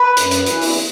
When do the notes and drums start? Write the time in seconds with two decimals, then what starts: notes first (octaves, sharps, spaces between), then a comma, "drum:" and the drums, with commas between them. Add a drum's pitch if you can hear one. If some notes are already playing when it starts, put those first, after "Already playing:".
Already playing: B4
0.17 F#2, drum: hi-hat
0.31 drum: hi-hat
0.46 E3, drum: hi-hat
0.61 drum: open hi-hat